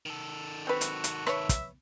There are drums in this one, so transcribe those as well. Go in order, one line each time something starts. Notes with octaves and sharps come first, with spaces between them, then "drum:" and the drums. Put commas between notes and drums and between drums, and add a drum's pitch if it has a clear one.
D#3 A4
C4 F#4 B4
drum: hi-hat
drum: hi-hat
B4 C#5 E5, drum: rim click
drum: kick, hi-hat